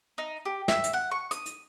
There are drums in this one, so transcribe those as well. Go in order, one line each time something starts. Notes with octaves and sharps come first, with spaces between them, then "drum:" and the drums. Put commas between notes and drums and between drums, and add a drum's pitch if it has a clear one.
D#4
G4
E5, drum: snare
drum: hi-hat
F#5
C#6
D#6, drum: hi-hat
drum: hi-hat